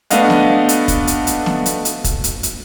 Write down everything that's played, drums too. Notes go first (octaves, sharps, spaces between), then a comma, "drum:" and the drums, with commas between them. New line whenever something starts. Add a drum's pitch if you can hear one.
A3 B3 D4 D#5 F5 F#5, drum: hi-hat
drum: snare
drum: hi-hat
drum: kick, hi-hat
drum: hi-hat
drum: hi-hat
drum: snare
drum: hi-hat
drum: hi-hat
drum: kick, hi-hat
drum: hi-hat
drum: hi-hat